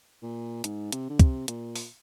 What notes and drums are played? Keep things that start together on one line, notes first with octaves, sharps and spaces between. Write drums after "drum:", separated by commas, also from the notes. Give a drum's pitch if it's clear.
A#2
G#2, drum: hi-hat
C3, drum: hi-hat
D3
C3, drum: kick, hi-hat
A#2, drum: hi-hat
drum: open hi-hat